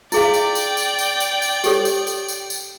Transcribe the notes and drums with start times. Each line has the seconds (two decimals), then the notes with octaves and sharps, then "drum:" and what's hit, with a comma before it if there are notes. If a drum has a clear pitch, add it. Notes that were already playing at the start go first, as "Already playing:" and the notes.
0.12 E4 G#4 D5 F5 G5, drum: tambourine
0.34 drum: tambourine
0.55 drum: tambourine
0.77 drum: tambourine
0.99 drum: tambourine
1.20 drum: tambourine
1.42 drum: tambourine
1.64 G4 A4 C#5, drum: tambourine
1.85 drum: tambourine
2.07 drum: tambourine
2.28 drum: tambourine
2.50 drum: tambourine